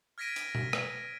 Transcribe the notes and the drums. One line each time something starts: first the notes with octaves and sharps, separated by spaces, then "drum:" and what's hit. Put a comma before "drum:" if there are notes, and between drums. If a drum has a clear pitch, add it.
F6 G#6 A#6 B6 D7 D#7
drum: hi-hat
drum: tom B2
drum: rim click